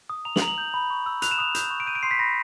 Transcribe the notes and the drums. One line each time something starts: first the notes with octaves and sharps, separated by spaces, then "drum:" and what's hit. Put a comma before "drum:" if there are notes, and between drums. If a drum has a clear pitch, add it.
D#6
A#5 F7
F#7, drum: snare
A#5 F7
F#7
G6
B5
C#6
E6
F#6 F7, drum: hi-hat
E7
D#6 F7
G6, drum: hi-hat
C#6
D7
G6 D#7
D7
C6 C7
B6
B5 A#6